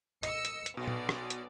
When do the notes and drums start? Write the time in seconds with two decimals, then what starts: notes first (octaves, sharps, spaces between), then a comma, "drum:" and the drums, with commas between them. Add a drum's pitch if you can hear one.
0.23 D#5 E6 C#7, drum: hi-hat
0.45 drum: hi-hat
0.66 drum: hi-hat
0.77 B1 B2 D5
0.88 drum: tom A#2
1.09 drum: rim click
1.30 drum: hi-hat